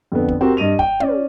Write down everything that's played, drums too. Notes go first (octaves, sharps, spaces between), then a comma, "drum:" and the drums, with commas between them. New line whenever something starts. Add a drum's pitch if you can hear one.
F2 D3 B3
drum: kick
C4 F#4 G4 A#4
G2 D#5 D#7 F7
G5, drum: kick
C#4 D5, drum: tom